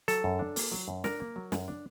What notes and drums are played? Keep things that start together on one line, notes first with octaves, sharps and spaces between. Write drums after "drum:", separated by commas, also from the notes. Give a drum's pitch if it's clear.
F#3 A4, drum: hi-hat
F#2
D4
A#3, drum: open hi-hat
F#3
F#2
D4 A#4, drum: snare
A#3
F#3
F#2, drum: snare
D4